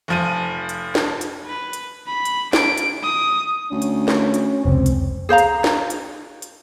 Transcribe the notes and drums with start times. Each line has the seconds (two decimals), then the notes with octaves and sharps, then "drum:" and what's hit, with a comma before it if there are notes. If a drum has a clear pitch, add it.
0.08 F1 F3 D#7
0.69 drum: hi-hat
0.95 drum: snare
1.21 drum: hi-hat
1.46 B4
1.73 drum: hi-hat
2.07 B5
2.25 drum: hi-hat
2.53 D7, drum: snare
2.78 drum: hi-hat
3.04 D#6
3.72 D2 C#4
3.82 drum: hi-hat
4.08 drum: snare
4.34 drum: hi-hat
4.65 F1 C#2 C4
4.86 drum: hi-hat
5.29 G#4 C5 F5 A#5
5.38 drum: hi-hat
5.64 drum: snare
5.90 drum: hi-hat
6.42 drum: hi-hat